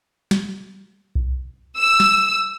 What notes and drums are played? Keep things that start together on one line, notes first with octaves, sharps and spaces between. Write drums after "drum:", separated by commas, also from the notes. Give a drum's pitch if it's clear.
drum: snare
drum: kick B1
E6
drum: snare